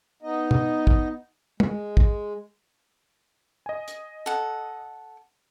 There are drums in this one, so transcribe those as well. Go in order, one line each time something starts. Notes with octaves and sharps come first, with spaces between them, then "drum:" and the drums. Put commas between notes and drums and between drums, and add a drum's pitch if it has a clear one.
B3 D#4 D#5
drum: tom
drum: kick
G#3, drum: tom
drum: kick
D#5 G#5
drum: hi-hat
A4 F#5